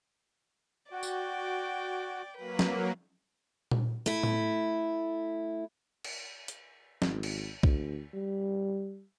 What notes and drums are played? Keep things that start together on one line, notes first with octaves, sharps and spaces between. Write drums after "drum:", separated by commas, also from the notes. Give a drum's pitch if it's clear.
F#4 D5 G5
drum: tambourine
F#3 A#3 B4
drum: snare
drum: tom A#2
A3 E4
drum: tom A2
drum: cymbal
drum: hi-hat
G#1, drum: snare
drum: cymbal
D2, drum: kick B1
G3